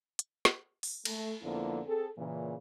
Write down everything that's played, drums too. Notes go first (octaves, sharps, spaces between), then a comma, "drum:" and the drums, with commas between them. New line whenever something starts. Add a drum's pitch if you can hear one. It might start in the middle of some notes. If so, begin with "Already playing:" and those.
drum: hi-hat
drum: snare
drum: open hi-hat
A3, drum: cymbal
F2 D3 F3 A#3 B3 E4
C4 G#4 A4
A#2 C#3 E3